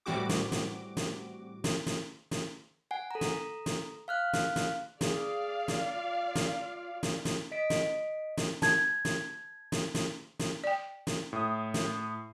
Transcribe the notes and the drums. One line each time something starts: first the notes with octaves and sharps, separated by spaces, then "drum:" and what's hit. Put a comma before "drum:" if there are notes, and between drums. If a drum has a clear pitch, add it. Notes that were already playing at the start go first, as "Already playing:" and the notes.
A2 E3 G3 C4 F#4 D6
drum: snare
drum: snare
drum: snare
drum: snare
drum: snare
drum: snare
F#5 G#5
A4 A#5
drum: snare
drum: snare
F5 F6 F#6
drum: snare
drum: snare
G#4 D5 F5, drum: snare
drum: snare
F4
drum: snare
drum: snare
drum: snare
D#5 B6 D7
drum: snare
drum: snare
A5 G#6, drum: snare
drum: snare
drum: snare
drum: snare
drum: snare
D5 G5
drum: snare
A2 D#6
drum: snare